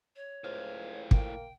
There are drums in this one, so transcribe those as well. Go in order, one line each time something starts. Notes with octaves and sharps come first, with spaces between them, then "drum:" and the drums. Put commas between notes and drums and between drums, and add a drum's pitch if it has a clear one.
C#5
C#2 A2 F3 F5
A#3 G5, drum: kick